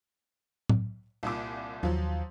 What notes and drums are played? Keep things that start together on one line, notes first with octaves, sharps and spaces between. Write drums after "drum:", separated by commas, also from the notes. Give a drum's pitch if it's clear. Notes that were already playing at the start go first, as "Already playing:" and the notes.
drum: tom A2
C2 A#2 D6
D#2 F3 F#3